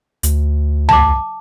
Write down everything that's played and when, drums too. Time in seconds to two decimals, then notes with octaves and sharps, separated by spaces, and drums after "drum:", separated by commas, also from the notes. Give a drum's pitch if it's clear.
0.23 D2, drum: hi-hat
0.89 A5 D6, drum: tom C2